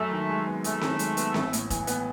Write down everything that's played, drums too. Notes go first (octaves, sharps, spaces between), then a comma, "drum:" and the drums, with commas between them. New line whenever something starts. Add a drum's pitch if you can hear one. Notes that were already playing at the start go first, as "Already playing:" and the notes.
Already playing: F#2 A3
D#3
G#3
B3
F#2 A3, drum: hi-hat
D#3, drum: snare C4
G#3, drum: hi-hat
B3, drum: hi-hat
A1, drum: snare C4
A2, drum: hi-hat
E3, drum: kick F1, hi-hat
B3, drum: hi-hat